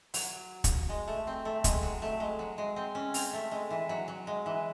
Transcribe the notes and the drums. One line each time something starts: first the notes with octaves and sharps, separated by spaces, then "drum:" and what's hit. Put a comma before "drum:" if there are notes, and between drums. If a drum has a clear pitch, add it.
F#3, drum: open hi-hat
drum: kick, hi-hat
G#3
A3
C4
A3
G#3, drum: kick, hi-hat
F#3
A3
G#3
F#3
G#3
C4
C#4
C4, drum: open hi-hat
A3
G#3
E3
F#3
F#3
G#3
E3